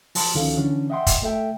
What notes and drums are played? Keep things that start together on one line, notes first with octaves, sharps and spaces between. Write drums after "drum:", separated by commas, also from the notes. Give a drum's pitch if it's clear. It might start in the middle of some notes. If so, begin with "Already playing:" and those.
F3 A5 C6, drum: open hi-hat
D2 D#3 F3 C#4 A4 F5
D3 E3 C#4 D4
D#5 E5 F#5 G5 C6
drum: kick, hi-hat
A3 A4 E5 G5